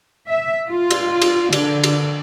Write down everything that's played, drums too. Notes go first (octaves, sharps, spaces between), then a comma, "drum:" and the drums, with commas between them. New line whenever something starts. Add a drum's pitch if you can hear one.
E5
F4
drum: cymbal
drum: cymbal
D3, drum: cymbal
drum: cymbal